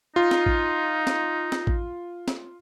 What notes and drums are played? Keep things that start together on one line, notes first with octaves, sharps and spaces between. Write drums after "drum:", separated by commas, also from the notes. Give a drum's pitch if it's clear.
D#4 F4
drum: snare
drum: kick A1
drum: snare
drum: snare
drum: kick A1
drum: snare